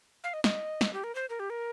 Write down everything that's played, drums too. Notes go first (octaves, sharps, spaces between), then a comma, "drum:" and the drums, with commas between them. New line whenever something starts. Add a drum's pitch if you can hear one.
F5
D#5
D#5, drum: snare
drum: snare
G4
A#4
C5
A#4
G4
A#4